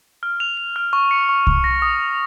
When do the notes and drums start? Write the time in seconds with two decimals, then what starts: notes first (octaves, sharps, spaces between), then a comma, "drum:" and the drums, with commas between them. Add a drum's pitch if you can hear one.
0.23 F6
0.40 F7
0.57 F7
0.76 F6
0.93 C#6
1.11 C#7
1.29 C#6
1.47 C#6, drum: kick C2
1.64 A#6
1.82 D#6
2.00 F7